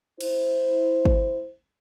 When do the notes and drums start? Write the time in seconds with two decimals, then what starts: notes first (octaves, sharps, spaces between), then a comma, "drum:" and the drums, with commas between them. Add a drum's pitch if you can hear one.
0.21 E4 C5, drum: cymbal
1.05 drum: kick G#1